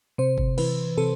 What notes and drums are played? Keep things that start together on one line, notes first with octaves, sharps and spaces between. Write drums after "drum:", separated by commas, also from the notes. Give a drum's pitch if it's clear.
C3 C5
drum: kick G1
E3 B4, drum: cymbal
C3 A4